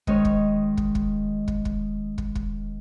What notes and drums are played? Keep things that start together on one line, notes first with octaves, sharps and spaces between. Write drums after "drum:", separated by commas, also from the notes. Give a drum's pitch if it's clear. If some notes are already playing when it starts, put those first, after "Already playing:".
D#3 G#3 C#4 C#5, drum: kick
drum: kick
drum: kick
drum: kick
drum: kick
drum: kick
drum: kick
drum: kick